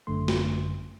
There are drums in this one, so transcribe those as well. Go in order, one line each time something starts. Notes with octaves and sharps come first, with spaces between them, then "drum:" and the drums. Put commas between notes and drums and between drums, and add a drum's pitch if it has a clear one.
G#1 F#2 D3 A3 C6
drum: snare